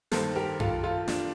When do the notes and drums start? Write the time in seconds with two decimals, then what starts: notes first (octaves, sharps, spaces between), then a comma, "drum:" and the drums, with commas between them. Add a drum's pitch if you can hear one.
0.12 G2 D#3 G3 A#3 A4 C5, drum: snare
0.36 G4 A#4
0.60 F4 A4, drum: tom F#2
0.84 F4 A4
1.08 D4 F4, drum: snare